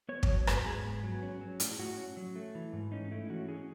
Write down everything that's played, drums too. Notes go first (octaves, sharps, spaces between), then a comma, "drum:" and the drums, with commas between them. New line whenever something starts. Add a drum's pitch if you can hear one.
B3 C#5
F#3 C#5, drum: kick
G#2 B4, drum: rim click
G#2 G#4
B3
F#3
C#4
F#3
A2, drum: hi-hat
A2 F#4
C#4
F#3
A3
E3
G#2
C#4 D#4
A3 E4
E3 F#4
C#4 G#4